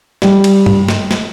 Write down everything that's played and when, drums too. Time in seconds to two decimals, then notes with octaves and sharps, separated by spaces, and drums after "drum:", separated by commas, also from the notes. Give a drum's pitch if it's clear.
0.22 G3, drum: snare
0.44 drum: cymbal
0.66 drum: tom G2
0.89 drum: snare
1.11 drum: snare